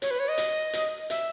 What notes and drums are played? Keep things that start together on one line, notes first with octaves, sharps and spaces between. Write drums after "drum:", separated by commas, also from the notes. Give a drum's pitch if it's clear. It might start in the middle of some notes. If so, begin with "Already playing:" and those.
C#5, drum: hi-hat
B4
C#5
D#5
drum: hi-hat
drum: hi-hat
E5, drum: hi-hat